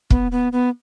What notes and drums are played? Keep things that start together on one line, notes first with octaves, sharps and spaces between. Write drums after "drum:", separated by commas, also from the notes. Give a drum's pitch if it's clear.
B3, drum: kick
B3
B3